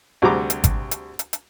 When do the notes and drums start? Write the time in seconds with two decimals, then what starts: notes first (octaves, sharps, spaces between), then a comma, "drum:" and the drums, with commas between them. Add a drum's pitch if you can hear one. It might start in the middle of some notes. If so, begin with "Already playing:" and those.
0.22 D2 C3 G3 G#4 A#5 D6
0.50 drum: hi-hat
0.64 drum: kick G#1, hi-hat
0.91 drum: hi-hat
1.19 drum: hi-hat
1.33 drum: hi-hat